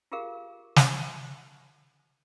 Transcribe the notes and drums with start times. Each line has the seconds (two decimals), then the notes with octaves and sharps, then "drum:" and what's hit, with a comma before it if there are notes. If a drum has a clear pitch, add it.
0.12 F4 G4 G#4 A#4 F5
0.76 drum: snare